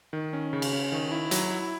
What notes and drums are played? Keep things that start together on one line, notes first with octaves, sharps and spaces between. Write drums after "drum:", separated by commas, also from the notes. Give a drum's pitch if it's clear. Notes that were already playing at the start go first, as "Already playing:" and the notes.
D#3
C#4
C#3
drum: cymbal
C#4
D#3
E4
F#3, drum: hi-hat
E4